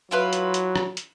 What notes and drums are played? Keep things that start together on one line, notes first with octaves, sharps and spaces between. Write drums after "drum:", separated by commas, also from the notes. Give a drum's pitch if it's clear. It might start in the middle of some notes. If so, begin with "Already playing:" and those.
F#3 E4 F4 B4
drum: hi-hat
drum: hi-hat
drum: rim click
drum: hi-hat